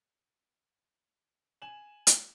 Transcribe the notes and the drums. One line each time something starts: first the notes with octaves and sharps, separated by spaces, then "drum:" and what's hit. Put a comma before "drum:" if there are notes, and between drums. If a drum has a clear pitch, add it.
G#5 E7 F#7
drum: hi-hat